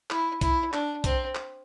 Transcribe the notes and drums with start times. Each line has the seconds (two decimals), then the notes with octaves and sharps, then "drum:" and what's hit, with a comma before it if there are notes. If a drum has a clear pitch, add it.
0.10 E4, drum: clap
0.41 E4, drum: kick B1, hi-hat
0.73 D4, drum: clap
1.04 C4, drum: kick B1, hi-hat
1.35 drum: clap